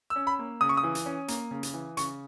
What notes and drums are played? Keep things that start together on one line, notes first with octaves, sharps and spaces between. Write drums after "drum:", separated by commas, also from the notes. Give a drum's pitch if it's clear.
E6
C#4
B5
A#3
C#3 D#6
C#6
D#6
E3
drum: hi-hat
C#4
A#3, drum: hi-hat
C#3
drum: hi-hat
E3
C#3 C#6, drum: hi-hat